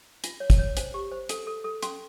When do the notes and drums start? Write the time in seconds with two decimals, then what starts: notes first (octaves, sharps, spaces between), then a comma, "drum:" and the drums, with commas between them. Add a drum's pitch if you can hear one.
0.24 F4, drum: hi-hat
0.40 C#5
0.50 drum: kick, hi-hat
0.59 C#5
0.77 C5, drum: hi-hat
0.94 G4
1.12 C5
1.29 A4, drum: hi-hat
1.47 A4
1.64 A4
1.82 C#4 C6, drum: hi-hat